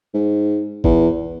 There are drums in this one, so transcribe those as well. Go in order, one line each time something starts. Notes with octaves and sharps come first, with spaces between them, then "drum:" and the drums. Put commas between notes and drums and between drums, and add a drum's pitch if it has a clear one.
G#2
E2, drum: kick